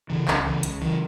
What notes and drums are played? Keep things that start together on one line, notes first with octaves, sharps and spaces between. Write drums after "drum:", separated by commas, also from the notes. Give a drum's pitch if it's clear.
C#3 E3
C#2, drum: clap
C#3 E3
C#2, drum: hi-hat
C#3 E3